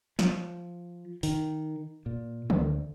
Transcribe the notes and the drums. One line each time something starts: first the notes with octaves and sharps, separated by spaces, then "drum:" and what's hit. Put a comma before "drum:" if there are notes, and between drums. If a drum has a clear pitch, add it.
F3, drum: snare
D#3, drum: open hi-hat
A#2
D2, drum: tom D3